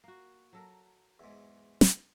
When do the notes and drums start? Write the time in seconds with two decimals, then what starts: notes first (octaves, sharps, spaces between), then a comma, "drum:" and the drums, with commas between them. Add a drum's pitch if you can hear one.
0.04 A#3 F#4
0.53 F#3 A4 A#4
1.19 E2 G#2
1.81 drum: snare